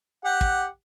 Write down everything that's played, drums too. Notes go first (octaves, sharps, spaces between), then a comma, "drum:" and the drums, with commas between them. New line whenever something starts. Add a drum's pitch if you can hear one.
G4 F#5
drum: kick